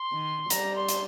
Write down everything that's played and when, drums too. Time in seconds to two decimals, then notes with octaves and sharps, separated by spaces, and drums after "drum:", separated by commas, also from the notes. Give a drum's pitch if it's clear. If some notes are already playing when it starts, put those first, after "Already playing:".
Already playing: C6
0.12 D#3
0.50 G3 A#5, drum: hi-hat
0.76 C6
0.89 drum: hi-hat